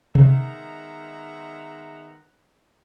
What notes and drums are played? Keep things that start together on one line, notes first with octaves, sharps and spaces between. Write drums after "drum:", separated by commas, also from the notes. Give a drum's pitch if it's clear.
D#3 G#3 B3 E5 F#5 A#5, drum: tom C3